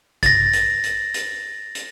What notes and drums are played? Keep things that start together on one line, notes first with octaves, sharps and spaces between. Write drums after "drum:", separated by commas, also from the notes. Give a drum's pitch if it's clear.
A6 A#6, drum: kick G#1, hi-hat
drum: hi-hat
drum: hi-hat
drum: hi-hat
drum: hi-hat